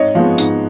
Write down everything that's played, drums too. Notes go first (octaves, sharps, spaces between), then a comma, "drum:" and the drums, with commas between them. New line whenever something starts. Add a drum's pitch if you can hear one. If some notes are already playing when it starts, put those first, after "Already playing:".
Already playing: G#2 C#5 D#5
F3 G#3 B3
G#2, drum: tambourine